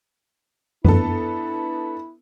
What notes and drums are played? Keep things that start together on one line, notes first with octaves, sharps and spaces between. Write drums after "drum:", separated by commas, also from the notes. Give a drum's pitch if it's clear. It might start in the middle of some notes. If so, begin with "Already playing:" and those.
B3 D4 E4 A4, drum: tom F#2